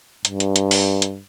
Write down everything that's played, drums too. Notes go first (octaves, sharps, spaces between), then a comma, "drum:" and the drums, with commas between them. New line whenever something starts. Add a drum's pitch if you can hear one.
G2, drum: hi-hat
drum: hi-hat
drum: hi-hat
drum: open hi-hat
drum: hi-hat